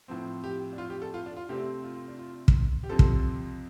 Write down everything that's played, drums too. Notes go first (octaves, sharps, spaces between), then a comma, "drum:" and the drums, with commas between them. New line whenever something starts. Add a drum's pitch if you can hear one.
A2 F3 C4
G4
D4
F4
G4
A4
F4
D4
F4
C3 A3 C4 G4
F4
F4
D4
F4
drum: kick
G4
F2 C3 F3 C4 A4
drum: kick